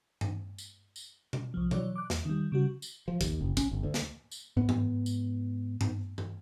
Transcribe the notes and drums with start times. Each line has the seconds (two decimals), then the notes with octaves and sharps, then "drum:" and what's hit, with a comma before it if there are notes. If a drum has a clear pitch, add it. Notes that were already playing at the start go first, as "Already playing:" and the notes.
0.21 drum: tom G2
0.58 drum: tambourine
0.96 drum: tambourine
1.33 drum: tom B2
1.54 C2 F3
1.71 E3 F#3 C#5 D5, drum: tom B2
1.96 D6 F#6
2.10 E2, drum: snare
2.25 D#3 G3
2.52 C#3 G3 F#4
2.82 drum: tambourine
3.08 F3
3.21 D#2, drum: kick, tambourine
3.41 F#1
3.57 C#4, drum: kick, tambourine
3.71 G1
3.83 D2
3.94 drum: snare
4.31 drum: tambourine
4.57 G#2 B3
4.69 drum: tom G2
5.06 drum: tambourine
5.81 drum: tom G2
6.18 drum: tom G2